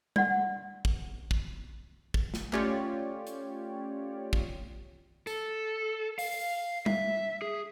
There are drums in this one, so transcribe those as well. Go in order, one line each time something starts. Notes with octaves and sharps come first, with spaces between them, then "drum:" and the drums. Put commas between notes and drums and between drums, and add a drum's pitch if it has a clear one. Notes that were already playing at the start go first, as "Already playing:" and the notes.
D5 F#5, drum: tom G3
drum: kick
drum: kick
drum: kick
drum: snare
A3 C#4 F4 G4 C#5 D5, drum: clap
drum: hi-hat
drum: kick
A4, drum: tambourine
F5, drum: open hi-hat
E5, drum: tom G3
G#4